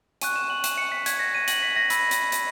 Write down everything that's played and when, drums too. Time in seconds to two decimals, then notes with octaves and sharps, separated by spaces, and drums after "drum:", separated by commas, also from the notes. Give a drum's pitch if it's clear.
0.21 G#5 C#6 F#6 D#7, drum: hi-hat
0.36 E7
0.50 F#7
0.64 E7, drum: hi-hat
0.78 C#7
0.92 B6
1.06 G#6, drum: hi-hat
1.19 A#6
1.34 D#7
1.48 F#7, drum: hi-hat
1.63 B6
1.76 A#6
1.90 B5 E6, drum: hi-hat
2.11 drum: hi-hat
2.32 drum: hi-hat